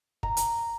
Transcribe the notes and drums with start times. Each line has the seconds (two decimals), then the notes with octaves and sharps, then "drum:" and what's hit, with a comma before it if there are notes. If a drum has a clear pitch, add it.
0.23 A#5, drum: kick
0.37 drum: hi-hat